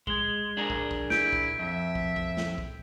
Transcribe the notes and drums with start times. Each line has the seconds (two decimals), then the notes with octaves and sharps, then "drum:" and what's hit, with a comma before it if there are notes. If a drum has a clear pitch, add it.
0.07 G#3 G#6 G7, drum: kick
0.57 D4 G#4 A#4
0.70 drum: kick
0.91 drum: kick
1.10 E4 G6 D7, drum: snare
1.33 drum: kick
1.59 F2 E5
1.95 drum: kick
2.16 drum: kick
2.37 drum: snare
2.58 drum: kick